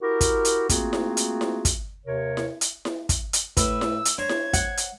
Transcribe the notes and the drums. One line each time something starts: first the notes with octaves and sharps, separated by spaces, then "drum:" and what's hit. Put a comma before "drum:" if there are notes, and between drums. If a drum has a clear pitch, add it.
E4 F#4 G4 A#4
drum: kick, hi-hat
drum: hi-hat
A3 A#3 C4 F4 F#4 G#4, drum: kick, hi-hat
drum: snare E4
drum: hi-hat
drum: snare E4
drum: kick, hi-hat
D#2 C3 A#4 C#5
drum: snare E4
drum: hi-hat
drum: snare E4
drum: kick, hi-hat
drum: hi-hat
A2 B4 E6, drum: kick, hi-hat
drum: snare E4
drum: hi-hat
D4 C5 C#5 A#5 G#6
drum: snare E4
F#5, drum: kick, hi-hat
drum: hi-hat